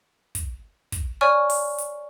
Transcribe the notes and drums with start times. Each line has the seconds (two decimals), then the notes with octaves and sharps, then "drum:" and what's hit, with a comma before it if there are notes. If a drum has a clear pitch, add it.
0.35 drum: kick, hi-hat
0.92 drum: kick, hi-hat
1.21 C#5 D5 G#5 C#6 F6
1.50 drum: open hi-hat
1.78 drum: hi-hat